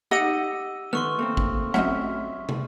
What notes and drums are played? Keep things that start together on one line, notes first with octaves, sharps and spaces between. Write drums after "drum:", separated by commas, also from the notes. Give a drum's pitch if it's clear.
D#4 G4 D#5 F#5 E6 C#7 D#7
D#3 A3 B3 C6 C#6 F6
A3 A#3 C4
drum: kick
F#3 A3 C4 C#4 D#5 E5 F#5, drum: rim click
drum: tom